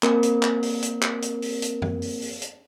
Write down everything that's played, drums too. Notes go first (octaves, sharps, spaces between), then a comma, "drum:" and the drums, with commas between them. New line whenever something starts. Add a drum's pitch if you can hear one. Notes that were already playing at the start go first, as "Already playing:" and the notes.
A#3 C4 A#4, drum: clap
drum: hi-hat
drum: clap
drum: open hi-hat
drum: hi-hat
drum: clap
drum: hi-hat
drum: open hi-hat
drum: hi-hat
drum: tom F#2
drum: open hi-hat
drum: open hi-hat
drum: hi-hat